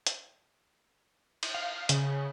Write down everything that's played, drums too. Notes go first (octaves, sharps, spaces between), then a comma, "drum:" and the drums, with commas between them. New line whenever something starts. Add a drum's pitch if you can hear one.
drum: hi-hat
drum: cymbal
F5
C#3, drum: hi-hat